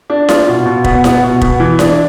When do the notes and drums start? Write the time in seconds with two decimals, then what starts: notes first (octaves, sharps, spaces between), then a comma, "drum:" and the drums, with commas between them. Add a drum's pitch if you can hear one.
0.10 D4
0.29 F4, drum: snare E4
0.48 B2
0.66 B2
0.84 B3, drum: kick
1.04 B3, drum: snare E4
1.23 B2
1.41 B3, drum: kick
1.60 E3
1.79 D4, drum: snare E4